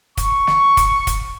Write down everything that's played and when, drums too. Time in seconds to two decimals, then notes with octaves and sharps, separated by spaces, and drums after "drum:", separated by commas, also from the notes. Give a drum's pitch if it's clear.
0.17 C#6, drum: kick, hi-hat
0.47 drum: snare
0.77 drum: kick, hi-hat
1.07 drum: kick, hi-hat